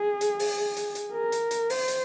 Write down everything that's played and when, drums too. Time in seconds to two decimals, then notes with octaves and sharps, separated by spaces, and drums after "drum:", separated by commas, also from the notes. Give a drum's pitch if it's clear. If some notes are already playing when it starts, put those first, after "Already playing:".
Already playing: G#4
0.21 drum: hi-hat
0.39 drum: open hi-hat
0.77 drum: hi-hat
0.95 drum: hi-hat
1.13 A#4
1.32 drum: hi-hat
1.51 drum: hi-hat
1.70 C5, drum: open hi-hat
1.88 drum: hi-hat